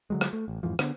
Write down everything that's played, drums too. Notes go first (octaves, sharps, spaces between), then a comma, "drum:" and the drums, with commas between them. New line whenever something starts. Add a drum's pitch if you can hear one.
D3 F#3 G#3
drum: rim click
A3
A1
F2 G#2 E3 F3
D3 B3, drum: rim click